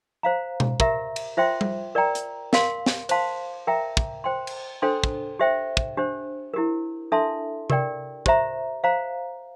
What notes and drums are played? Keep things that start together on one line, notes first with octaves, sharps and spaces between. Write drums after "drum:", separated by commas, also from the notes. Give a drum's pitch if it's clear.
C5 F5 A#5
drum: tom B2
G4 A#4 E5 A#5, drum: kick
drum: cymbal
F4 C5 E5 G5 C6
drum: tom G3
A#4 D5 G5 A#5
drum: hi-hat
A#4 F5 C6, drum: snare
drum: snare
C5 F5 A5 C6, drum: cymbal
A#4 E5 G5 A#5
drum: kick
C5 G5 C6
drum: cymbal
D4 A4 C5 G5 C6
drum: kick
G4 C5 E5 G5
drum: kick
D4 G4 C5
E4 G4 A#4
D4 A4 E5 A5 C6
G4 A#4 D5 G5, drum: tom C3
G4 C5 E5 A#5, drum: kick
C5 F5 A#5